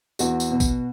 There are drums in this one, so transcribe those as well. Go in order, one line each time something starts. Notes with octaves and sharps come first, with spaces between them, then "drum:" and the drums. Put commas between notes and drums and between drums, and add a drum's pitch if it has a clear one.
E2 F#4, drum: tambourine
drum: tambourine
B2
drum: kick A1, tambourine